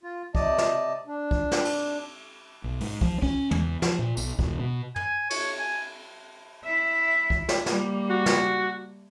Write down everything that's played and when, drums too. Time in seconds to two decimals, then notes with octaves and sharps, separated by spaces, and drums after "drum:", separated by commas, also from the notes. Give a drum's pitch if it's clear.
0.03 F4
0.35 C3 D5 D#5 A5, drum: kick
0.58 drum: snare
1.07 D4
1.31 drum: kick
1.51 drum: snare
1.65 drum: cymbal
2.64 B1
2.80 G#2, drum: open hi-hat
3.01 F3, drum: kick
3.22 C#4, drum: kick
3.51 E2, drum: tom
3.82 F3, drum: snare
3.99 A#2
4.17 B1, drum: tambourine
4.39 E1, drum: kick
4.59 B2
4.96 G#5, drum: tom
5.30 C#5, drum: cymbal
5.59 G#5
6.65 E4 E5
7.30 drum: kick
7.49 drum: snare
7.66 G3 A#3, drum: snare
8.10 F#4
8.26 drum: snare